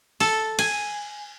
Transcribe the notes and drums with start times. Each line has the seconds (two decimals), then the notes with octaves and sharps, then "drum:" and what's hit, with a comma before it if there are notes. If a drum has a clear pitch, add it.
0.20 A4, drum: open hi-hat
0.59 G#5, drum: cymbal